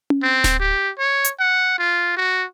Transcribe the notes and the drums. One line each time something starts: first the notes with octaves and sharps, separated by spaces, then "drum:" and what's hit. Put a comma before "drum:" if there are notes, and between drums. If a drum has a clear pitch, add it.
drum: tom C#4
C4
drum: snare D1
G4
C#5
drum: hi-hat
F#5
F4
F#4